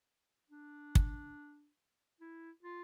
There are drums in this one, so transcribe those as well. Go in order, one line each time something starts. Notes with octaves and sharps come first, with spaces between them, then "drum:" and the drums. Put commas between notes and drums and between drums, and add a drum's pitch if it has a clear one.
D4
drum: kick
E4
F4